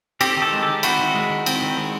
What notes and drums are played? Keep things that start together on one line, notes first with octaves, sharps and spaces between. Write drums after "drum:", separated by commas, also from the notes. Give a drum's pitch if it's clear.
C4 G4 A4, drum: cymbal
D#3
G4 A4
G#3
G4 A4
D#3
C4 E4 F#4, drum: cymbal
D#3
G#3
D#3
C4, drum: cymbal
D#3
G#3